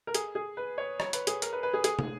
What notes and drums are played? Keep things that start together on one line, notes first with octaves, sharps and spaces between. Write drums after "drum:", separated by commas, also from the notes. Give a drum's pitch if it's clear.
A#4
G#4, drum: hi-hat
G#4
B4
C#5
C#5, drum: rim click
B4, drum: hi-hat
G#4, drum: hi-hat
A#4, drum: hi-hat
B4
B4
G#4
G#4, drum: hi-hat
drum: tom